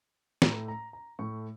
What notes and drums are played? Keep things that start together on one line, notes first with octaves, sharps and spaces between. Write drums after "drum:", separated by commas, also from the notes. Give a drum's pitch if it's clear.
A2 A3 A#5, drum: snare
A#5
A#5
A2 A3 C#6